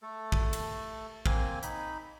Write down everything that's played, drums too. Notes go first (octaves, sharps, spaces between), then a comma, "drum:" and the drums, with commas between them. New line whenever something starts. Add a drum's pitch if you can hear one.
A3 A4
drum: kick
drum: cymbal
A#3 C4 G#5, drum: kick
D#4 B5, drum: hi-hat